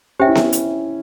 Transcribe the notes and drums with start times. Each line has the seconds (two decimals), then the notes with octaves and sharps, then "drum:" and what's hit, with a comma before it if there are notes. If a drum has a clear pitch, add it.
0.20 C#4 G4 C5 E5 G5
0.27 E4
0.35 C#4, drum: snare B3
0.53 drum: hi-hat